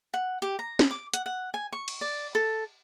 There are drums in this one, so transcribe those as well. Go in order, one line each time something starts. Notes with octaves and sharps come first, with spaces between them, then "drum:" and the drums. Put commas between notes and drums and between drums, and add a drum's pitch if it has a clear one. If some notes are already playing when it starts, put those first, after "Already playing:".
F#5
G4
A#5
drum: snare
D6
F#5, drum: hi-hat
F#5
G#5
C#6
drum: cymbal
D5
A4